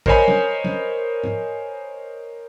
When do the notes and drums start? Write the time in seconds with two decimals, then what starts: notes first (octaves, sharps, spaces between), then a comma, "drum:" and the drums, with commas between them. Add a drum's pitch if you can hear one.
0.06 A#4 C5 C#5 D#5 G#5 B5, drum: kick
0.28 drum: tom
0.64 drum: tom
1.23 drum: tom